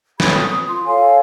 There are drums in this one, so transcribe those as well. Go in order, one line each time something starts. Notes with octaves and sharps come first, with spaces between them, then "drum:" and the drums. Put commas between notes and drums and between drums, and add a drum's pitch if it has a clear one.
G#4 G5 B5 G#6, drum: snare
D#6
F4 C6
A4 C#5 F5 G#5